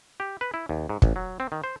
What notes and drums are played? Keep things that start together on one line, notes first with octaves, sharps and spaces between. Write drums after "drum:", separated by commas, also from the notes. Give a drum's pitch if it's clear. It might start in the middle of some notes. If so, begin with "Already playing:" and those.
G4
B4
E4
D#2
G#2
A1, drum: kick
F#3
C4
D#3
C5